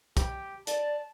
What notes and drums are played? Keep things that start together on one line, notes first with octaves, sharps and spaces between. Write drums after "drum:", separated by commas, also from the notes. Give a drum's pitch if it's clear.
G4, drum: kick B1, hi-hat
D5 A5, drum: hi-hat